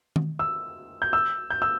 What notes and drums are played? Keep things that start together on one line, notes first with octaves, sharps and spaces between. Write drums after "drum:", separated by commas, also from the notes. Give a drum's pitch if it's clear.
drum: tom D#3
E6
G6
E6
G6
E6